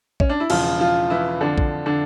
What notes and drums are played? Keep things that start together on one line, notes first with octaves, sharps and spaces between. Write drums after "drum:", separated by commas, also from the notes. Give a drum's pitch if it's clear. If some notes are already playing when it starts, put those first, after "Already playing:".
C#4, drum: kick A#1
D4
E4
E1 E2 C#3 F3 F4, drum: cymbal
F3 F4
E3 E4
F2 D3 F3 D4
drum: kick A#1
D3 D4